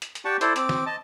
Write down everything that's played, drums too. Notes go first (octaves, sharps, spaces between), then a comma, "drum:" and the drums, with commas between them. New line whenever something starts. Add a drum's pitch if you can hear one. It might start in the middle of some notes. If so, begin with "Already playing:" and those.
drum: hi-hat
drum: hi-hat
G4 D5 F#5 G5 A5 C#6
E4 A4 C5 D5, drum: hi-hat
C4 D6, drum: hi-hat
drum: snare
D#5 A5